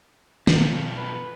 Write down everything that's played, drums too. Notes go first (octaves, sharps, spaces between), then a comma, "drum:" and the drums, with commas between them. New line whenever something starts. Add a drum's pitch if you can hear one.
F#2 B2 F3, drum: snare
B4